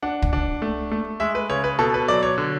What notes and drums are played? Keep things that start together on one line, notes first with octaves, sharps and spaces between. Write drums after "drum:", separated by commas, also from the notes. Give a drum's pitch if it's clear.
D4 F#5
drum: kick
D4
A3
A3
G#3 E5
B4
C#3 C#5
B4
B2 A4
B4
F#3 D5
C#5
D3